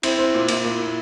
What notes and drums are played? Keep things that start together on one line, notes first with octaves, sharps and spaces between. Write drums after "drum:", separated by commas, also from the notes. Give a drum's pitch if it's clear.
C4 E4, drum: cymbal
C4
A#2
A#2 E4, drum: cymbal
A#2
A#2